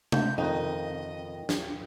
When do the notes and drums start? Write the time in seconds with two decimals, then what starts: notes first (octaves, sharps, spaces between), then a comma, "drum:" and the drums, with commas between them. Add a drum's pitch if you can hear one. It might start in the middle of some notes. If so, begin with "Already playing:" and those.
0.12 G6, drum: tom
0.38 F2 D#3 D#4 A#4 D#5 G5
1.49 drum: snare